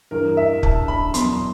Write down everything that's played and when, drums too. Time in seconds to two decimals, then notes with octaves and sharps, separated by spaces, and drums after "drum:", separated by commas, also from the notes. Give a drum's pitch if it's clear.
0.11 G2 E3 A#4
0.37 E5
0.63 A5, drum: kick
0.88 B5
1.14 E2 B2 F#3 C6, drum: hi-hat